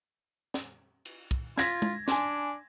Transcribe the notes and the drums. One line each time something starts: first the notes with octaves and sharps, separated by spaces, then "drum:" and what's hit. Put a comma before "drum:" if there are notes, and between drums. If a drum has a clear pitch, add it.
drum: snare
drum: cymbal
drum: kick
F4 G#6 A#6 B6, drum: snare
drum: tom G#3
D4 G#5 C6, drum: snare